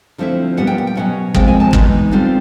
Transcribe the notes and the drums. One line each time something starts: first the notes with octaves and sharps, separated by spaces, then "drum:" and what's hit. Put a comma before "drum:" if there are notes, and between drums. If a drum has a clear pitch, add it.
D3 F3 A3 C4 E4
A#2 G3 B3 F#5
G5
F#5
G5
B2 F#3 A3 C#4 F#5
A#2 F3 G#3 C4 G5, drum: kick
G#5
A5
E3 G#3 B3 D#4, drum: kick
D3 G3 C4 F4